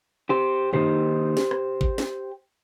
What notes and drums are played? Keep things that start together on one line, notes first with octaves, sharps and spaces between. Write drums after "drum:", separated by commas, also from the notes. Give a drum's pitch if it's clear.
G4 C5
D#3 A#3 D#4 G4 C5, drum: tom
drum: snare
drum: rim click
drum: kick
drum: snare